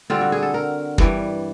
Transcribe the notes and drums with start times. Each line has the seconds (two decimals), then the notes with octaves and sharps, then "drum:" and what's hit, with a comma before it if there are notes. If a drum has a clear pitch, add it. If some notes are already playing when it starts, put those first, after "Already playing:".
0.10 D3 G3 C4 F4
0.21 F#4
0.32 G#4
0.43 A4
0.54 A#4
0.98 G2 E3 G3, drum: kick